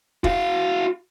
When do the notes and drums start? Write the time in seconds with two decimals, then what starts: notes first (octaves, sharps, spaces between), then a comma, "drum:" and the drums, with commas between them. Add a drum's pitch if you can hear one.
0.24 F#4 F5, drum: kick